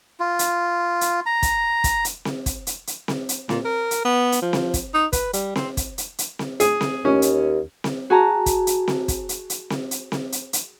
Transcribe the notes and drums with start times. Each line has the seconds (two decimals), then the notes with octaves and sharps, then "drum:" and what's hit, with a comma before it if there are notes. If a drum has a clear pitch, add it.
0.20 F4
0.39 drum: hi-hat
1.01 drum: hi-hat
1.26 A#5
1.42 drum: kick, hi-hat
1.84 drum: kick, hi-hat
2.05 drum: hi-hat
2.25 drum: snare C4
2.46 drum: kick, hi-hat
2.67 drum: hi-hat
2.87 drum: hi-hat
3.08 drum: snare C4
3.29 drum: hi-hat
3.49 A#2, drum: snare C4
3.64 A#4
3.91 drum: hi-hat
4.05 B3
4.32 drum: hi-hat
4.42 F3
4.53 drum: snare C4
4.74 drum: kick, hi-hat
4.94 D#4
5.13 B4, drum: kick, hi-hat
5.33 G3, drum: hi-hat
5.56 C4, drum: snare C4
5.77 drum: kick, hi-hat
5.98 drum: hi-hat
6.18 drum: hi-hat
6.39 drum: snare C4
6.60 G#4, drum: hi-hat
6.81 drum: snare C4
7.05 D#2 C#4
7.22 drum: hi-hat
7.84 drum: snare C4
8.10 F#4 G#4 A5 A#5
8.46 drum: kick, hi-hat
8.67 drum: hi-hat
8.88 drum: snare C4
9.08 drum: kick, hi-hat
9.29 drum: hi-hat
9.50 drum: hi-hat
9.70 drum: snare C4
9.91 drum: hi-hat
10.12 drum: snare C4
10.32 drum: hi-hat
10.53 drum: hi-hat